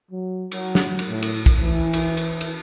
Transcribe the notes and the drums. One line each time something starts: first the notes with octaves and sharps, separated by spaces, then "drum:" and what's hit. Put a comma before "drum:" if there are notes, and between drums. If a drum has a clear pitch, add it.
F#3
F#3, drum: cymbal
drum: snare
drum: cymbal
A2
drum: cymbal
drum: kick, cymbal
E3
drum: cymbal
drum: cymbal
drum: cymbal